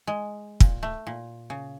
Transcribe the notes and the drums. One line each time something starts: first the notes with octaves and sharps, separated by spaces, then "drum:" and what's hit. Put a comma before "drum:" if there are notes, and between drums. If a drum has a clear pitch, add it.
G#3
A#2, drum: kick
A3
A#2
C#3